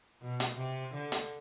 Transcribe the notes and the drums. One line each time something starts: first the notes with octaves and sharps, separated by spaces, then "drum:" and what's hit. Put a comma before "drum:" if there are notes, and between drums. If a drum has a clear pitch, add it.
B2
drum: hi-hat
C3
D3
drum: hi-hat